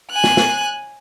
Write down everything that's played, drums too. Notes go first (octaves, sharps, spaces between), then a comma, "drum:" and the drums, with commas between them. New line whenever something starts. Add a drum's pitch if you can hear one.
G#5 F#6
drum: snare
drum: snare